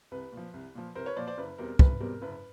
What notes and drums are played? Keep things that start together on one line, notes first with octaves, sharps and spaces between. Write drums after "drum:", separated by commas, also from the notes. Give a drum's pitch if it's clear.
C2 B4
A#2
F3
C2
A#2 F3
C2 A#4 C5
B4 C#5
A#2 F3 C5 D5
C5 D5
F#1 B4
E2 B2 G3 C4 A#4
F#1 B4, drum: kick
E2 B2 G3 C4 A#4
F#1 B4